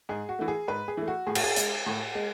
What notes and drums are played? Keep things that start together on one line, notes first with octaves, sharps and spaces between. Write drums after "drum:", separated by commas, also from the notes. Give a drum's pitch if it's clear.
G#2 G#4
F#4
E3 A3
G#4
G#2 B4
G#4
E3 A3
F#4
A2 G#4
F#4, drum: cymbal
G#4
G#3, drum: hi-hat
A2
G#3